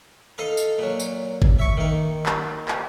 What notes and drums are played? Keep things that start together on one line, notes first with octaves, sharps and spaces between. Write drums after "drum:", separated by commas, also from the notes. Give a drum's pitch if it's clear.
D#4 A4 D#5 F5 A5
drum: tambourine
A#2 F#3
drum: tambourine
drum: kick G#1
E5 C#6
D#3 A#3
drum: clap
drum: clap